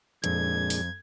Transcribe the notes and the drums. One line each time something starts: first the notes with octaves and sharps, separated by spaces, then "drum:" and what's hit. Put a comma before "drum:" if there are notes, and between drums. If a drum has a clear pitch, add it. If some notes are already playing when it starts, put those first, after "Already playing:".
F2 A#2 G#3 D4 G#6, drum: hi-hat
drum: open hi-hat